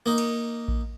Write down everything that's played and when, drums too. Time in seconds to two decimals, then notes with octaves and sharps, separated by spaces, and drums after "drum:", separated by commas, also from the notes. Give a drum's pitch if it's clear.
0.06 A#3 D#4
0.18 drum: cymbal
0.68 drum: kick A1